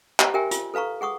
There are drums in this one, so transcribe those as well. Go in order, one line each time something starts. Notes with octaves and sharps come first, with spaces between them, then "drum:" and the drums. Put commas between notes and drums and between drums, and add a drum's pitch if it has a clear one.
G4 C5 A#5, drum: clap
G4 A#4 E5 G5 G#5
F4, drum: hi-hat
A4 B4 F5 A#5 C#6
G#4 F#5 C#6 D#6